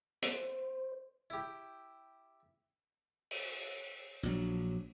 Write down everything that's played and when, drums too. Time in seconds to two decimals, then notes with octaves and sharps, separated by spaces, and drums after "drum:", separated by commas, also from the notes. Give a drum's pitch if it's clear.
0.22 C5, drum: hi-hat
1.30 E4 G4
3.31 drum: open hi-hat
4.23 A#1 F#3